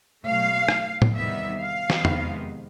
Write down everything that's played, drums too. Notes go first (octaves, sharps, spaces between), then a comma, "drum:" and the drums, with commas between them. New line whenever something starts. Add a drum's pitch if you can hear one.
B2 F#3 A3 F5
drum: rim click
drum: tom A2
E2 C3 D#3 G3 B3 E5
F5
drum: snare
F2 C3 D#3 G#3 B3, drum: tom E2